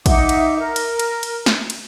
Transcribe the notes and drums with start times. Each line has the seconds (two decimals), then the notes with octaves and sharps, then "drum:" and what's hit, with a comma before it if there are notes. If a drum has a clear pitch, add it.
0.06 D#4 E5 F#5 D6, drum: kick, cymbal
0.29 drum: cymbal
0.59 A#4
0.76 drum: cymbal
0.99 drum: cymbal
1.23 drum: cymbal
1.46 drum: snare
1.70 drum: cymbal